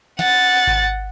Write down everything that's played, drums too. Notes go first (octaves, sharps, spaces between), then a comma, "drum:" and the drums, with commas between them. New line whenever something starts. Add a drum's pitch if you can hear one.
F#5 A6, drum: snare
drum: kick G#1